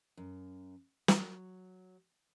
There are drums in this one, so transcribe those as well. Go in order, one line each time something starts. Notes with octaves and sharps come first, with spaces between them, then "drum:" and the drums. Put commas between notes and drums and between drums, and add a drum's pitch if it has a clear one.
F#2
F#3, drum: snare